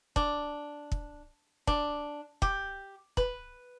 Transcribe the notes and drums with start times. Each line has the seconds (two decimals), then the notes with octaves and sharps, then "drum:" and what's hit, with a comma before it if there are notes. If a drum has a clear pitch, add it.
0.16 D4, drum: kick
0.92 drum: kick
1.67 D4, drum: kick
2.42 G4, drum: kick
3.17 B4, drum: kick